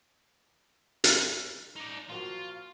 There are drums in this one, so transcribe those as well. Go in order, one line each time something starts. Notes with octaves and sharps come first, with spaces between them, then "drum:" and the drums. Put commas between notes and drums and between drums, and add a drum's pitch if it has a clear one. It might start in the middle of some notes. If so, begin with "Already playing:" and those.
drum: hi-hat
D#4 D5
A#2 F3 F4 F#4